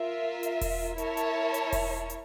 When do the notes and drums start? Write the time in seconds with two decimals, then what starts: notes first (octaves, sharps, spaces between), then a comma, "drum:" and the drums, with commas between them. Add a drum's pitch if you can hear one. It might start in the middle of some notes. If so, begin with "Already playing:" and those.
Already playing: F4 A#4 E5
0.43 drum: hi-hat
0.61 drum: kick E1, open hi-hat
0.98 E4 A#4 C#5 E5 A5, drum: hi-hat
1.17 drum: hi-hat
1.54 drum: hi-hat
1.73 drum: kick E1, open hi-hat
2.10 drum: hi-hat